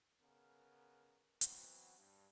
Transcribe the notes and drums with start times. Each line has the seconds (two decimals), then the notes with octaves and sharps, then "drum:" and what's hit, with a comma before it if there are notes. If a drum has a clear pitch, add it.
0.21 C#3 B3 A#4
1.41 E3 F#3 B3 C4, drum: hi-hat
1.97 G2